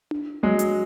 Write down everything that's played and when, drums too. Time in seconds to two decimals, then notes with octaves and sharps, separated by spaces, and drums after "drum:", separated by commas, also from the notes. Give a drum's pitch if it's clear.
0.11 drum: tom D4
0.43 F#3 G#3
0.59 drum: hi-hat